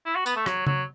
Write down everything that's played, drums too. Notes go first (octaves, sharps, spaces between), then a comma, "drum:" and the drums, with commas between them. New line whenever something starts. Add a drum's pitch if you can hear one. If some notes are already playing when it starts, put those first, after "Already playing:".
E4
F#4
B3, drum: tambourine
A3
F#3, drum: rim click
F#3, drum: tom C#3